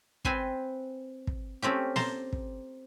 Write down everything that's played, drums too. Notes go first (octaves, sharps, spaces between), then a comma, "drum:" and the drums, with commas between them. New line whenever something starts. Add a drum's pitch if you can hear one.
C4 B4 C5 G#5 C6, drum: kick
drum: kick
A3 C4 C#4 G4
C5 A5 A#5 C6, drum: snare
drum: kick